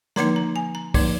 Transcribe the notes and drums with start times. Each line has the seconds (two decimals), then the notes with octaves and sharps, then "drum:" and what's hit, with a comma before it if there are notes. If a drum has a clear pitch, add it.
0.16 D3 F3 A#3 D#4 A#5, drum: snare
0.36 A#5
0.56 G#5
0.75 A#5
0.94 D3 F3 A#3 D#4, drum: kick, open hi-hat